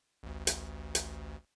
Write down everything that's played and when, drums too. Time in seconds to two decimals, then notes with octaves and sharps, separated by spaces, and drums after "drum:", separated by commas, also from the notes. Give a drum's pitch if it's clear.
0.23 A1 D2
0.47 drum: hi-hat
0.95 drum: hi-hat